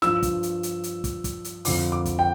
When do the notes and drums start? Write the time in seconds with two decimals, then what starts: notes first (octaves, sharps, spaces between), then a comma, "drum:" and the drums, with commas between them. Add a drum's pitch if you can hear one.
0.02 G2 F3 E6, drum: snare
0.23 drum: kick, hi-hat
0.43 drum: hi-hat
0.63 drum: hi-hat
0.84 drum: hi-hat
1.04 drum: kick, hi-hat
1.24 drum: kick, hi-hat
1.44 drum: hi-hat
1.65 F2 D3 F3 D6, drum: open hi-hat
1.92 D6
2.05 drum: kick, hi-hat
2.19 G5